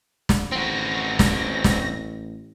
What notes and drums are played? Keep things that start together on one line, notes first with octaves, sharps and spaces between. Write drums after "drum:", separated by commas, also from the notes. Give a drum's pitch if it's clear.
drum: snare
A1 C4 F#4 A#6
drum: snare
drum: snare